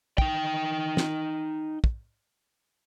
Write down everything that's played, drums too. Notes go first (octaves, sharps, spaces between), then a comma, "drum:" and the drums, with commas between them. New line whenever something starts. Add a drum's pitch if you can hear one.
D#4 G5, drum: kick
drum: snare
drum: kick